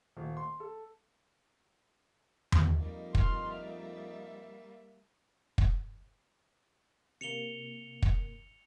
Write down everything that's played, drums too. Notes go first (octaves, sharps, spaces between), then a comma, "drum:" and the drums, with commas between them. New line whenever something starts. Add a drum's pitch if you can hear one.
D#1
C6
A4
drum: tom E2
F2 G3 A#3 D#4
C6 F6, drum: kick
E5
drum: kick
C3 A#3 C#7 F7 G7
drum: kick